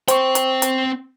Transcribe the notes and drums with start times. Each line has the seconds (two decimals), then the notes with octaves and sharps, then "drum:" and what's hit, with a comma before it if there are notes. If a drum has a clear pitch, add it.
0.08 C4 C5 G5 C#6, drum: hi-hat
0.35 drum: hi-hat
0.62 drum: hi-hat